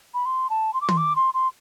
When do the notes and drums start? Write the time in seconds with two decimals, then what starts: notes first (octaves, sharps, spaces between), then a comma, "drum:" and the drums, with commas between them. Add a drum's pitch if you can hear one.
0.14 B5
0.26 C6
0.50 A5
0.74 C6
0.81 D6
0.89 C6, drum: tom
0.97 D6
1.16 C6
1.34 C6